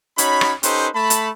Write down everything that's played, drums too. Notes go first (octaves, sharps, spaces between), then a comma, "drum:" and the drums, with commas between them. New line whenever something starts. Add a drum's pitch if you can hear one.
C#4 D#4 F#4 C#5 B5, drum: hi-hat
drum: rim click
C#4 D#4 G4 A4 B4 C5, drum: hi-hat
A3 A5 B5
drum: hi-hat